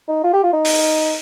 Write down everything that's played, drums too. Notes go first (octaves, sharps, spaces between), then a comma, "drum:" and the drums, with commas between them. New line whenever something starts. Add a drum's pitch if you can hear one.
D#4
F4
G4
F4
D#4
drum: open hi-hat